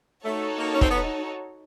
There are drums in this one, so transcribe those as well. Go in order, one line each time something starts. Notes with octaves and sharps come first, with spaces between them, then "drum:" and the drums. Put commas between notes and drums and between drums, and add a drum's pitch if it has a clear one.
A3 D#4 F#4 A4 C#5
A#3
C#4
C4, drum: kick
B3